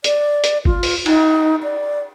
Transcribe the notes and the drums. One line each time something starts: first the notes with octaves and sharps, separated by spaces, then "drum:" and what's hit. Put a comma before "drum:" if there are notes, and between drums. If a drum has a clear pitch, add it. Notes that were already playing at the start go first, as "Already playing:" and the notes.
D5, drum: hi-hat
drum: hi-hat
F4, drum: kick G#1
drum: open hi-hat
D#4, drum: cymbal
D5